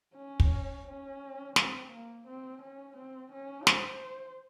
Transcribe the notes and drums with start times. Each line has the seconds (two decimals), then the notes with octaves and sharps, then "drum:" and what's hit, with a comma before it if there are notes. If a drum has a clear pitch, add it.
0.15 C#4
0.40 drum: kick
0.87 C#4
1.56 C4, drum: snare
1.92 A#3
2.27 C4
2.62 C#4
2.96 C4
3.32 C#4
3.67 C5, drum: snare